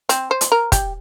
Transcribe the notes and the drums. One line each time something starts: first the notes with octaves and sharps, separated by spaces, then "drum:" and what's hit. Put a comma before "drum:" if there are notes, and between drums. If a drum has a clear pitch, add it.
C4, drum: hi-hat
C5
drum: hi-hat
A#4
G4, drum: kick, hi-hat